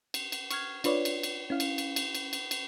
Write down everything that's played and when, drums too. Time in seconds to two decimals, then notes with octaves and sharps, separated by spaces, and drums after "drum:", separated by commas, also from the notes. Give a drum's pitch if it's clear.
0.14 drum: cymbal
0.32 drum: cymbal
0.51 C#6 F6 G#6, drum: cymbal
0.84 D4 F4 B4 C#5 D5, drum: cymbal
1.05 drum: cymbal
1.23 drum: cymbal
1.50 C#4 E4 F5
1.60 drum: cymbal
1.78 drum: cymbal
1.96 drum: cymbal
2.15 drum: cymbal
2.33 drum: cymbal
2.51 drum: cymbal